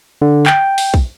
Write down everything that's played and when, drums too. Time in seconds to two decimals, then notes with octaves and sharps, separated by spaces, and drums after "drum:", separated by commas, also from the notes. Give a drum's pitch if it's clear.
0.22 D3
0.46 G5, drum: clap
0.78 drum: open hi-hat
0.94 drum: kick